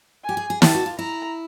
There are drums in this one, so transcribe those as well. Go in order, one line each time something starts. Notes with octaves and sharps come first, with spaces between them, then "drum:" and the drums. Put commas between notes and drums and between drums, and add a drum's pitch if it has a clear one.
G4 G#5
G#4
G#4
G4 A5, drum: snare
F#4
F4
E4 A#5